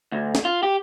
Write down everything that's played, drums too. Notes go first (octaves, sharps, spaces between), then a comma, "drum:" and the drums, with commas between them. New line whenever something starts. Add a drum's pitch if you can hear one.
D2
drum: snare
F4
G4